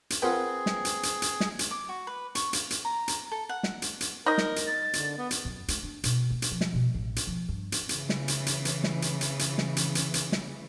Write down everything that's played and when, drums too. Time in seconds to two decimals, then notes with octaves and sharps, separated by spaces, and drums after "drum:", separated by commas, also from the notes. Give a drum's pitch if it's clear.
0.10 drum: hi-hat
0.22 C4 F4 G#4 A#4 B4 F#5
0.66 drum: snare
0.85 drum: hi-hat
1.03 drum: hi-hat
1.22 drum: hi-hat
1.40 drum: snare
1.59 drum: hi-hat
1.71 D6
1.89 F#4
2.07 B4
2.35 C#6, drum: hi-hat
2.53 F5, drum: hi-hat
2.70 drum: hi-hat
2.85 A#5
3.08 drum: hi-hat
3.31 A4
3.49 F#5
3.63 drum: snare
3.82 drum: hi-hat
4.01 drum: hi-hat
4.26 D#4 A#4 D#5
4.38 drum: snare
4.56 drum: hi-hat
4.67 A6
4.93 D3, drum: hi-hat
5.18 B3
5.31 drum: hi-hat
5.45 F#2
5.68 G#3, drum: hi-hat
5.83 D4
6.04 B2, drum: hi-hat
6.30 A#3
6.42 drum: hi-hat
6.52 F3
6.61 drum: snare
6.74 B2
6.94 A1
7.16 drum: hi-hat
7.27 F3
7.49 G2
7.72 drum: hi-hat
7.89 C#3 E3, drum: hi-hat
8.09 drum: snare
8.28 drum: hi-hat
8.46 drum: hi-hat
8.65 drum: hi-hat
8.84 drum: snare
9.02 drum: hi-hat
9.21 drum: hi-hat
9.39 drum: hi-hat
9.58 drum: snare
9.77 drum: hi-hat
9.95 drum: hi-hat
10.14 drum: hi-hat
10.32 drum: snare